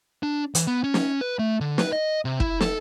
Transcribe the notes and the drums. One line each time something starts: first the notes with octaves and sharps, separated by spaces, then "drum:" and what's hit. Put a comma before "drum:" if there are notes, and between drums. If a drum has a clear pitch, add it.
D4
E3, drum: hi-hat
B3
C#4
drum: snare
B4
A3
D3
B4, drum: snare
D#5
C3
E4, drum: kick
A4, drum: snare